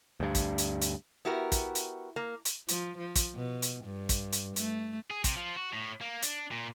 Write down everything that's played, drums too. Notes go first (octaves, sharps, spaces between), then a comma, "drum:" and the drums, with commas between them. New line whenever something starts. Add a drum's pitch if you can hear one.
D2 G2
drum: kick, hi-hat
drum: hi-hat
drum: hi-hat
B3 E4 F#4 G4 A#4
drum: kick, hi-hat
drum: hi-hat
A#3
drum: hi-hat
F3, drum: hi-hat
F3
drum: kick, hi-hat
B2
drum: hi-hat
G2
drum: kick, hi-hat
drum: hi-hat
A3, drum: hi-hat
G#4
C3, drum: kick, hi-hat
F3
F#4
A2
A#3
D4, drum: hi-hat
A#2